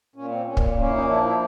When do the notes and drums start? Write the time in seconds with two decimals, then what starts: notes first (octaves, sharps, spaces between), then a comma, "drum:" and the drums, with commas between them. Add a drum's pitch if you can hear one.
0.15 A#2 C#4
0.31 C4
0.46 A#2 C#4
0.57 drum: kick
0.77 A#3 C#4
0.89 E4
0.93 C#4 D#4
1.08 F3 D4 E4
1.24 D4 E4